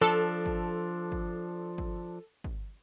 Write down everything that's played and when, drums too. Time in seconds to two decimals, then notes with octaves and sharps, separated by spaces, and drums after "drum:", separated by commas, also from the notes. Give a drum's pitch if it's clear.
0.01 F3 D4 A4
0.46 drum: kick
1.12 drum: kick
1.78 drum: kick
2.44 drum: kick